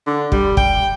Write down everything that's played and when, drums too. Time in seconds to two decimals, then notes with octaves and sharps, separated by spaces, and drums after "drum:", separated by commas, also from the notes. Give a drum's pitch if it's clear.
0.07 D3
0.32 G3, drum: kick
0.57 G5, drum: kick